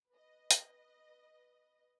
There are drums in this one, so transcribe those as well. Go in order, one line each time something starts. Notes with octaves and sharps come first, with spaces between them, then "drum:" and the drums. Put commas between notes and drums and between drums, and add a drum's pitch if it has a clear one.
B4 D#5
drum: hi-hat